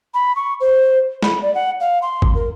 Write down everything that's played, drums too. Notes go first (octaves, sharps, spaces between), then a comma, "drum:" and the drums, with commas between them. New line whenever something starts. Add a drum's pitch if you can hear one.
B5
C#6
C5
B5, drum: snare
D5
F#5
F5
C6
drum: kick G1
A#4